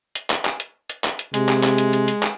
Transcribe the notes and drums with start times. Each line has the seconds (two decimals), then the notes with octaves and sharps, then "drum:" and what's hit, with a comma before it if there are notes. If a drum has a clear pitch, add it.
0.15 drum: hi-hat
0.30 drum: clap
0.45 drum: clap
0.60 drum: hi-hat
0.90 drum: hi-hat
1.04 drum: clap
1.19 drum: hi-hat
1.34 C3 G#3, drum: hi-hat
1.49 drum: clap
1.64 drum: clap
1.78 drum: hi-hat
1.93 drum: hi-hat
2.08 drum: hi-hat
2.23 drum: clap